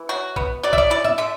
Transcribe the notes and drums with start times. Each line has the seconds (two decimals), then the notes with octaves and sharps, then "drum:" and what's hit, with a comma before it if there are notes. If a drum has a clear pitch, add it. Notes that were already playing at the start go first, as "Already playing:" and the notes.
Already playing: E3
0.09 F#3 F#4
0.36 B3, drum: kick A1
0.63 F#3 D5
0.73 E5, drum: kick A1
0.78 D5
0.90 E4 D5
1.04 E5, drum: tom G#2
1.18 D3 E5